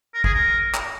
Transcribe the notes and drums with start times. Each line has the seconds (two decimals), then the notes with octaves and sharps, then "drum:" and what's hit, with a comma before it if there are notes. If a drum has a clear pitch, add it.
0.14 A#4
0.24 G#4, drum: kick
0.34 A#4
0.74 drum: clap